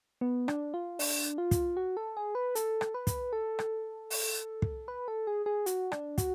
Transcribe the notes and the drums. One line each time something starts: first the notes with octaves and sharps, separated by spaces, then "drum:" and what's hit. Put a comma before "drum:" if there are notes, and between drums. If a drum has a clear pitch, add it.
B3
D4, drum: rim click
F4
D4, drum: open hi-hat
F4
drum: kick, hi-hat
F#4
A4
G#4
B4
A4, drum: hi-hat
drum: rim click
B4
drum: kick, hi-hat
A4
drum: rim click
drum: open hi-hat
drum: kick
B4
A4
G#4
G#4
F#4, drum: hi-hat
D4, drum: rim click
F#4, drum: kick, hi-hat